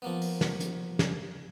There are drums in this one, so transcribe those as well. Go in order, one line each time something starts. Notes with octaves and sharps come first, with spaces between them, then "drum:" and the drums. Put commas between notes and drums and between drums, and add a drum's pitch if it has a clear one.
F3 A#3 B3
drum: open hi-hat
drum: snare
drum: hi-hat
drum: snare